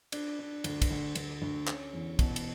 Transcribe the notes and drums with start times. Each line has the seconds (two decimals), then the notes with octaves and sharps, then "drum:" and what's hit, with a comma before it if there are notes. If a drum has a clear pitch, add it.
0.12 D4, drum: cymbal
0.39 D4
0.64 D2, drum: cymbal
0.82 drum: kick, cymbal
0.91 D2
1.15 D2, drum: cymbal
1.42 D2
1.67 C#4, drum: clap
1.93 E2
2.19 B2, drum: kick, cymbal
2.36 drum: cymbal